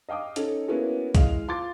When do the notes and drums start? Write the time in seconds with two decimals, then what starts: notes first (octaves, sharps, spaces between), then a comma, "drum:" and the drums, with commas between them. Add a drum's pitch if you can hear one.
0.09 D#5 F5 G5 D6 D#6
0.36 C#4 D#4 A4, drum: hi-hat
0.68 A#3 B3 C#4 E4 F#4 G#4
1.15 E3 G#3 D#5 F5 F7, drum: kick, hi-hat
1.48 F4 C6 D6 A6